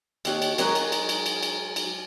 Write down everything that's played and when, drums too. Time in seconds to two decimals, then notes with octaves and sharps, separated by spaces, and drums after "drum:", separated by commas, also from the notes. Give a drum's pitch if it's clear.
0.25 D#2 F#4 C#5, drum: cymbal
0.42 drum: cymbal
0.58 F#3 G#3 F#4 G#4 A#4, drum: cymbal
0.75 drum: cymbal
0.92 drum: cymbal
1.09 drum: cymbal
1.26 drum: cymbal
1.43 drum: cymbal
1.76 drum: cymbal